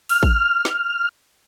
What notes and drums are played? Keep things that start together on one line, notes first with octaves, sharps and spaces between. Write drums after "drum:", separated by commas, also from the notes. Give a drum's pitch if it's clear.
F6, drum: open hi-hat
drum: kick A1
drum: snare